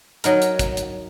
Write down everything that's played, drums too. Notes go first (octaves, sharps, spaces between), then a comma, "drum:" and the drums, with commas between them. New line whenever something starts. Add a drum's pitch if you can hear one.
F#3 D#4 A#4, drum: hi-hat
drum: hi-hat
drum: kick, hi-hat
drum: hi-hat